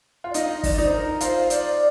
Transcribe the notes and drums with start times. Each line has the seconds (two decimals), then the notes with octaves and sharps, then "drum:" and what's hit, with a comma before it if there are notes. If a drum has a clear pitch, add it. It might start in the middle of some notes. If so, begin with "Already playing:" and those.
0.24 F4
0.30 D5
0.34 D#4 D#5, drum: hi-hat
0.64 D5, drum: kick, open hi-hat
0.78 D#4
0.85 C5
0.92 A#4
1.20 F4 C5, drum: hi-hat
1.50 D5, drum: hi-hat